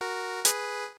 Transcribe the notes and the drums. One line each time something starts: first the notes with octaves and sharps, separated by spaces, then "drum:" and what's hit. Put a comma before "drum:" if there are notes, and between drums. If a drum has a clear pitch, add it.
F#4 A#4
G#4 B4, drum: hi-hat